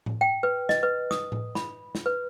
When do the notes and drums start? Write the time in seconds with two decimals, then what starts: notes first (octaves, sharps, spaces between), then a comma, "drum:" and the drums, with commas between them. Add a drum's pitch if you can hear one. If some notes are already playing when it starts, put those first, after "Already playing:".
0.06 drum: tom A2
0.21 G5
0.43 B4
0.69 D#5, drum: snare
0.83 B4
1.11 D#6, drum: snare
1.32 drum: tom A2
1.55 B5, drum: snare
1.95 drum: snare
2.06 B4